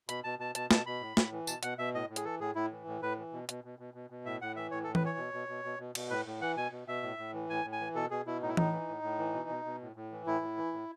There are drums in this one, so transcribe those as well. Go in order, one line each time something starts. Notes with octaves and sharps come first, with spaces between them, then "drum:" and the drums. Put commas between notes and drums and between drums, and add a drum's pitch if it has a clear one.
B2 B5, drum: hi-hat
B2 A5
B2 A5
B2 A5, drum: hi-hat
B2 A5, drum: snare
B2 B5
A2
A2, drum: snare
E3
B2 A5, drum: tambourine
B2 F#5, drum: hi-hat
B2 E5
A2 D#5
A2
G#4, drum: hi-hat
E3 A4
A2 G#4
A2 E4
E3
A2
A2 B4
E3
B2
B2, drum: hi-hat
B2
B2
B2
B2
A2 E5
A2 F#5
E3 E5
A2 C#5
A4
A2
B4, drum: tom E3
E3 C#5
B2
B2
B2
B2
B2
B2, drum: cymbal
A2 B4
A2
E3 F#5
B2 G#5
B2
B2 E5
A2
A2
E3
A2 G#5
A2
G#5
E3
B2 A4
B2 G#4
B2 E4
A2 D#4
E4
A2 D#4, drum: tom E3
E3
A2
A2
E3
B2
B2
B2
A2
A2
E3
A2 E4
A2
E3
A2